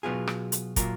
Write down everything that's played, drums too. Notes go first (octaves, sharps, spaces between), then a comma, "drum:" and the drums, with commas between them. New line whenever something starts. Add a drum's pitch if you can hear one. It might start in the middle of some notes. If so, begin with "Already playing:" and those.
B2 F#3 B3 F4 G#4
drum: rim click
drum: hi-hat
A#2 F#3 A#3 F4 A#4, drum: kick, hi-hat